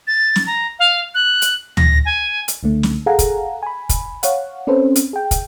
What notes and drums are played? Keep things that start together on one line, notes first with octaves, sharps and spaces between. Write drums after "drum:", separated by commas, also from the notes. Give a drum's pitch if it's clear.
A6
drum: snare
A#5
F5
F#6
drum: hi-hat
A#6, drum: tom D2
G#5
drum: hi-hat
C#2 D3 A3
drum: snare
G#4 A4 F5 F#5 G#5 A#5
drum: kick, hi-hat
G#5 B5
drum: kick, hi-hat
C#5 F5 F#5, drum: hi-hat
C4 C#4 A4 B4 C5
drum: hi-hat
G#4 G5
drum: kick, hi-hat